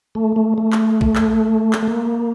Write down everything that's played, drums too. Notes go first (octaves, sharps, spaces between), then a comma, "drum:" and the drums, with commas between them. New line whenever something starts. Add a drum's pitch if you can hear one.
A3
A3
A3
drum: clap
drum: kick A1
drum: clap
drum: clap
A3
A#3